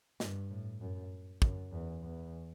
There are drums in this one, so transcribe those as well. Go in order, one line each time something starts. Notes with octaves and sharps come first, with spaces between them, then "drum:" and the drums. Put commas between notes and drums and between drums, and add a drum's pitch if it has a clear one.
G2, drum: snare
A2
F#2
F#2, drum: kick
E2
E2